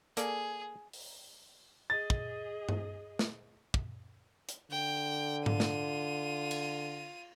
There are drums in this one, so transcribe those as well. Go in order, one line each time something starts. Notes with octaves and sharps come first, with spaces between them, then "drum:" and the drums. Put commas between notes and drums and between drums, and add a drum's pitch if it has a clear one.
A#3 G#4 A4 D5, drum: hi-hat
drum: open hi-hat
G#4 D#5 A6
drum: kick
drum: tom G2
drum: snare
drum: kick
drum: hi-hat
D3 G5
F4 D#7, drum: tom G#2
drum: snare
drum: cymbal